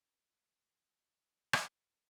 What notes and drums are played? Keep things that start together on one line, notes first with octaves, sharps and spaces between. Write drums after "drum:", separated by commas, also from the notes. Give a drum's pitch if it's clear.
D#3
G#2
F#3 E5
A#3
D#2
drum: rim click